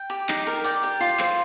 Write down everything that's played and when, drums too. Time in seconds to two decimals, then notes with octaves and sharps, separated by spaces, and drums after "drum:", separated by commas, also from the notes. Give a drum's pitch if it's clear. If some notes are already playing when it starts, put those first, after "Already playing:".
Already playing: G5
0.10 G4
0.29 D#4, drum: clap
0.47 A#4
0.64 D5 G5
0.83 G4
1.01 F4
1.19 C5, drum: clap